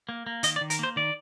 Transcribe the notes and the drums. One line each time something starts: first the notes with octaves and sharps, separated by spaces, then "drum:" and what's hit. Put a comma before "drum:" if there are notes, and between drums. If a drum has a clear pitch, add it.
A#3
A#3
D#3 D#5, drum: hi-hat
D5
D#3
A#4, drum: hi-hat
A#3 C5
D#3 D5